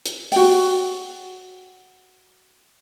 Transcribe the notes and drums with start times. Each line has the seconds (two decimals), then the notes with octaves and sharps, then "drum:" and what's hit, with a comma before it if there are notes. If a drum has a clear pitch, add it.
0.06 drum: hi-hat
0.32 F#4 G5, drum: open hi-hat